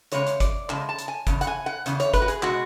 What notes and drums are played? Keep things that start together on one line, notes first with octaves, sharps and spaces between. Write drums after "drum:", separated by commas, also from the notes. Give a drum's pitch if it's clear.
E2 C#3 G#3 C#5, drum: hi-hat
drum: hi-hat
D5, drum: kick, hi-hat
E2 C#3 G#3 A5, drum: clap
A5
drum: hi-hat
G#5
E2 C#3, drum: kick, hi-hat
F#5, drum: hi-hat
G#5
F#5
E2 C#3, drum: hi-hat
C#5, drum: hi-hat
B4, drum: kick, hi-hat
F#4
G#4, drum: hi-hat
B2 G#3 F#4, drum: clap